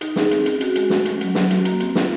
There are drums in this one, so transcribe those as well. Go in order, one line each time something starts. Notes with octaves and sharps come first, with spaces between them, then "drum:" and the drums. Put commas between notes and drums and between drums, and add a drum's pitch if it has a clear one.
D#4, drum: hi-hat
G#4, drum: snare
C4, drum: hi-hat
C#4, drum: hi-hat
F#4, drum: hi-hat
G#3, drum: hi-hat
A3, drum: snare
C#4, drum: hi-hat
F#3, drum: hi-hat
C#4, drum: snare
F#4, drum: hi-hat
A#3, drum: hi-hat
C4, drum: hi-hat
F4, drum: snare